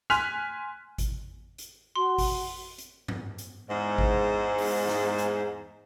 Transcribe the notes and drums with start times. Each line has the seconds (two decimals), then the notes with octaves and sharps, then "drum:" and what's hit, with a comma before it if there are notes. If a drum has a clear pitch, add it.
0.10 G#5 C6 F6 F#6 B6 F7, drum: snare
0.98 drum: kick G#1, hi-hat
1.58 drum: hi-hat
1.96 F#4 C6
2.18 drum: kick G#1, open hi-hat
2.78 drum: hi-hat
3.08 drum: tom G2
3.38 drum: hi-hat
3.68 E2 G#2
3.98 drum: kick G#1
4.58 drum: open hi-hat
4.88 drum: snare
5.18 drum: hi-hat